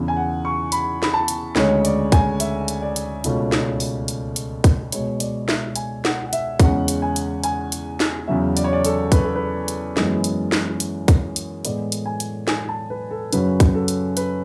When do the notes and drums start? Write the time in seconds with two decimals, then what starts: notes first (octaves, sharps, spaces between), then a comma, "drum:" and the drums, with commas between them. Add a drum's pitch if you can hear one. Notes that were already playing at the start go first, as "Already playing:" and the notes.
Already playing: E2 C#3 E3
0.08 G#5
0.16 F#5
0.45 C#6
0.72 B5, drum: hi-hat
1.03 B5, drum: snare
1.14 A5
1.28 drum: hi-hat
1.56 D2 C#3 G#3 C#4 C#5, drum: snare
1.85 D5, drum: hi-hat
2.12 G#5, drum: kick, hi-hat
2.40 E5, drum: hi-hat
2.68 drum: hi-hat
2.82 D5
2.96 drum: hi-hat
3.24 C#2 B2 A3 C#4, drum: hi-hat
3.52 drum: snare
3.80 drum: open hi-hat
4.08 drum: hi-hat
4.36 drum: hi-hat
4.64 drum: kick, hi-hat
4.92 B2 G#3 B3 C#5, drum: hi-hat
5.20 D5, drum: hi-hat
5.49 E5, drum: snare
5.76 G#5, drum: hi-hat
6.05 F#5, drum: snare
6.26 F#5
6.33 E5, drum: hi-hat
6.60 E2 C#3 G#3 C#4 F#5, drum: kick, hi-hat
6.88 drum: hi-hat
7.02 G#5
7.16 drum: hi-hat
7.44 G#5, drum: hi-hat
7.72 drum: hi-hat
8.00 drum: snare
8.28 E2 C#3 F#3 C#4 E5
8.57 D5, drum: hi-hat
8.64 C#5
8.73 D5
8.85 A4, drum: hi-hat
9.12 B4, drum: kick, hi-hat
9.24 A4
9.36 B4
9.68 drum: hi-hat
9.97 F#2 E3 G#3 B3, drum: snare
10.24 drum: hi-hat
10.52 drum: snare
10.80 drum: hi-hat
11.08 drum: kick, hi-hat
11.36 drum: hi-hat
11.65 A2 E3 G#3 B3 D5, drum: hi-hat
11.92 drum: hi-hat
12.06 G#5
12.20 drum: hi-hat
12.48 G#5, drum: snare
12.69 A5
12.90 B4
13.11 A4
13.33 F#2 C#3 F#3 C#4 B4, drum: hi-hat
13.60 drum: kick, hi-hat
13.74 A4
13.88 drum: hi-hat
14.17 B4, drum: hi-hat